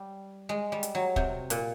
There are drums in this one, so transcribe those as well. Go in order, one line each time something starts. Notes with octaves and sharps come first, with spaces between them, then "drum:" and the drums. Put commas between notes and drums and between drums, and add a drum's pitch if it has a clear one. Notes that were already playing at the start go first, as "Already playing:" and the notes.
Already playing: G3
G#3
G3
drum: hi-hat
F#3
C3, drum: kick
A#2, drum: hi-hat